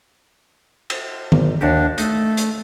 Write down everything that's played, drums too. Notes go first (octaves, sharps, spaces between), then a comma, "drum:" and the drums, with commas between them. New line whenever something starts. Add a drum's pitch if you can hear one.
drum: cymbal
G#1, drum: tom D#3
D#2 D4 F#4 G4
A3 D#4, drum: hi-hat
drum: hi-hat